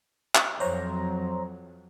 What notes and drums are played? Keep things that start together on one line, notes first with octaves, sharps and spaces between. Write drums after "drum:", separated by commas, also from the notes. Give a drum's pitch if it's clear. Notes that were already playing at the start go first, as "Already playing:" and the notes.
drum: clap
F2 F#3 C5 C#5 A#5